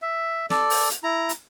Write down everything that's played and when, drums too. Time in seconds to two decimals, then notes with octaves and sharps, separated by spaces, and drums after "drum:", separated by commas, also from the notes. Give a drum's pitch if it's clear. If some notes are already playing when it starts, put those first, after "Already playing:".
0.02 E5
0.50 A4 D5, drum: snare
0.70 drum: open hi-hat
0.90 drum: hi-hat
1.03 E4 A#5
1.29 drum: hi-hat